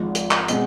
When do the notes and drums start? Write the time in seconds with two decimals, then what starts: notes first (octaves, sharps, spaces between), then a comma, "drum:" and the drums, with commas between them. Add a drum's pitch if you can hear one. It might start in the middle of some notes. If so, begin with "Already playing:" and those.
Already playing: G#1 G#2 F3
0.15 drum: hi-hat
0.31 drum: clap
0.48 B2 G#3 C4, drum: hi-hat